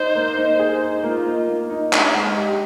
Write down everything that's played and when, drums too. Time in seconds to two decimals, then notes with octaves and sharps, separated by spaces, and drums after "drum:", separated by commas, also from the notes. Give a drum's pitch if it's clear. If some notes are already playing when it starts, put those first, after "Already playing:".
Already playing: D#4 C5
0.15 A#3
0.37 D#4
0.59 G#4
0.82 D#4
1.04 A#3 F4
1.26 D#4
1.47 A#3
1.70 D#4
1.93 D4, drum: clap
2.14 G#3
2.37 G4